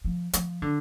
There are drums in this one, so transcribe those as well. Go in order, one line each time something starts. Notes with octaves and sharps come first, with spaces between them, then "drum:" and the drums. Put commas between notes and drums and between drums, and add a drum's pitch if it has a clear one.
F3
F3, drum: hi-hat
D3